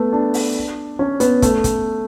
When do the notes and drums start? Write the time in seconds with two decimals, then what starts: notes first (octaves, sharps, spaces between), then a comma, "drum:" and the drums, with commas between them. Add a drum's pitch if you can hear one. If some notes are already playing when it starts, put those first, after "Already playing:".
Already playing: A3 B3
0.13 D4
0.34 drum: open hi-hat
0.99 C#4
1.20 B3, drum: hi-hat
1.42 A3, drum: kick, hi-hat
1.64 drum: kick, hi-hat